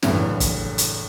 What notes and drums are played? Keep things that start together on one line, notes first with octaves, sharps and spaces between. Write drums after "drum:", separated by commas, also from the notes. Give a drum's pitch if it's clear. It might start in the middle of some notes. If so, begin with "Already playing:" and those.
F#1 C2 A2 D3 E3 F#3, drum: snare
drum: kick, hi-hat
drum: hi-hat